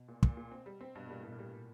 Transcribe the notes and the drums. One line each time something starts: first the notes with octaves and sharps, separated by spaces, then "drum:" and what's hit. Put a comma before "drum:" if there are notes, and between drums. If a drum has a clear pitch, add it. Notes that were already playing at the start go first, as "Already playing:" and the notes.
Already playing: B2
A#2
A#2, drum: kick
A#2
C4
G3
C4
G2 B2
A#2 G3
A2
G2
A#2
G3